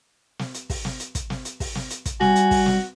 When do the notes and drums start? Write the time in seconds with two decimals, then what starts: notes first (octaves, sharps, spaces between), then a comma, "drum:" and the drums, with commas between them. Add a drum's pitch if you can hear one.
0.39 drum: snare
0.54 drum: hi-hat
0.70 drum: kick, open hi-hat
0.85 drum: snare
1.00 drum: hi-hat
1.15 drum: kick, hi-hat
1.30 drum: snare
1.45 drum: hi-hat
1.60 drum: kick, open hi-hat
1.75 drum: snare
1.90 drum: hi-hat
2.06 drum: kick, hi-hat
2.21 G3 F#4 G#5, drum: snare
2.36 drum: hi-hat
2.51 drum: kick, open hi-hat
2.66 drum: snare